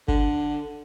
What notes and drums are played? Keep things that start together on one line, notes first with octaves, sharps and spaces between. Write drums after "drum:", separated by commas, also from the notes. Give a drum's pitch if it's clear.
D3, drum: kick G1